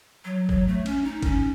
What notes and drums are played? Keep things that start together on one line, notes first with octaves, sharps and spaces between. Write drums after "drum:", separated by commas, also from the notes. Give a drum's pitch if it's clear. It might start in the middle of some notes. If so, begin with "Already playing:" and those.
F#3
F#3, drum: kick
A3
C#4, drum: cymbal
D#4
C#4, drum: kick, cymbal